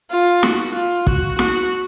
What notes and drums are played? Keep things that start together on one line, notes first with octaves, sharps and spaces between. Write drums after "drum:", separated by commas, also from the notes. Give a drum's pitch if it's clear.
F4
F#4, drum: snare
F4
F#4, drum: kick
F#4, drum: snare